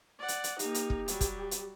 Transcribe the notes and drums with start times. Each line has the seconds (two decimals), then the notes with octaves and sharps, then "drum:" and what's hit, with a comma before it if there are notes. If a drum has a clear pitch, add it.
0.19 D5 F#5
0.28 drum: hi-hat
0.44 drum: hi-hat
0.59 A#3 D#4 G4, drum: hi-hat
0.74 drum: hi-hat
0.90 drum: kick
1.08 F#3 G3, drum: hi-hat
1.21 drum: kick, hi-hat
1.51 drum: hi-hat